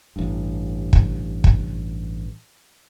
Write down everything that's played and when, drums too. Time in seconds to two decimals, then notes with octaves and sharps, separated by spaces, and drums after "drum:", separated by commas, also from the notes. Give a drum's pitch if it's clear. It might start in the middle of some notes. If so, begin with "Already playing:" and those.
0.16 A1 G2
0.93 drum: kick
1.44 drum: kick